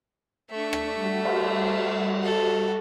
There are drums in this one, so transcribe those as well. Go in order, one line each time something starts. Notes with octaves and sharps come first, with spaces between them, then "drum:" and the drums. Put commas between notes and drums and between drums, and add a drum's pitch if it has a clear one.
A3 D4 E5 C#6
drum: rim click
G3 F#4
drum: cymbal
A4